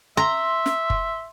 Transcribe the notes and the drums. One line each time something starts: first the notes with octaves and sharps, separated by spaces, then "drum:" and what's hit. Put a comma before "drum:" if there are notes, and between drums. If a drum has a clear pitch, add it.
E5 A#5 C6
drum: snare
drum: kick